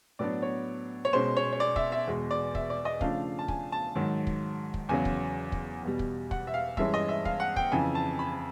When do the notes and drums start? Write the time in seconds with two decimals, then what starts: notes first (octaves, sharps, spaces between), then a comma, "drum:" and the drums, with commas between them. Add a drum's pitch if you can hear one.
0.19 A2 F#3 B3 D4 D5
0.42 C#5
1.05 C#5
1.13 B2 G#3 C#4 C5
1.37 C#5
1.53 C#5
1.60 D5
1.76 E5, drum: kick
1.92 E5
2.07 E2 B2 G#3
2.31 D5
2.55 E5, drum: kick
2.70 D5
2.85 D#5
3.01 C#3 F3 A3 D4 F5, drum: kick
3.39 A5
3.48 G#5, drum: kick
3.72 A5
3.95 G#2 D#3 F#3
4.27 drum: kick
4.74 drum: kick
4.89 E2 C#3 F#3 G#5
5.05 drum: kick
5.52 drum: kick
5.83 E2 B2 G3
5.99 drum: kick
6.31 F#5, drum: kick
6.47 E5
6.54 F5
6.77 G2 E3 G#3 C#4 E5, drum: kick
6.94 D#5
7.08 E5
7.25 F5, drum: kick
7.40 F#5
7.56 G5, drum: kick
7.72 F2 C#3 E3 G#5
7.95 A5
8.19 B5